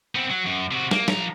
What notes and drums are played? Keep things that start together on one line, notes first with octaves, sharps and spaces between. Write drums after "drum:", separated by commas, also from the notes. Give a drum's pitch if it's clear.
B3 C4
F#3
F#2
C3 F#4
A#3, drum: snare
F3 A#5, drum: snare